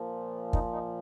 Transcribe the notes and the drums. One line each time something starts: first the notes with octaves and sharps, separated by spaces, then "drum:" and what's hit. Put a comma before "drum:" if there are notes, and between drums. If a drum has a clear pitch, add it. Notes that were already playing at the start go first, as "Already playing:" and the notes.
Already playing: A#2 F3
D#4, drum: kick
D#4